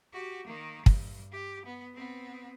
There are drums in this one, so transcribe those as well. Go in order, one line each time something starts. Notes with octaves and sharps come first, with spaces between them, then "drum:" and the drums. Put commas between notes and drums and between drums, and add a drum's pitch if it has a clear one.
F#4 G4
D#3 A#3
G2, drum: kick
G4
B3
B3 C4